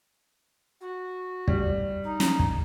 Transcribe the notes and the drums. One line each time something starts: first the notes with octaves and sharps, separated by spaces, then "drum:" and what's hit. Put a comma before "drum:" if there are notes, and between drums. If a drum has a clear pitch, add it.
F#4
G3, drum: kick
D#4
drum: snare
drum: kick